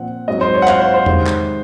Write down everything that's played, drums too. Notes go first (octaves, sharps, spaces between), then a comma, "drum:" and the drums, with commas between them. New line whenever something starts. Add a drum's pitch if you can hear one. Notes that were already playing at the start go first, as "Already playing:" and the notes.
Already playing: A#2 F3 C4 F#5
G#2 F#3 C4 D#5
C5
C#5
F#5
F5, drum: clap
C5
C5
C3 D#3 G#3, drum: tom E2
drum: clap